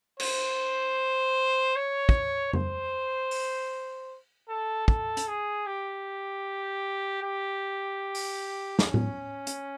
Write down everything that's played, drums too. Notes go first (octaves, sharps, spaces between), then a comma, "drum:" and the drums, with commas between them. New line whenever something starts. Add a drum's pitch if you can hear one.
C5, drum: cymbal
C#5
drum: kick
C5, drum: tom F2
drum: open hi-hat
A4
A4, drum: kick
drum: hi-hat
G#4
G4
G4
drum: open hi-hat
C#4, drum: snare
drum: tom A2
drum: hi-hat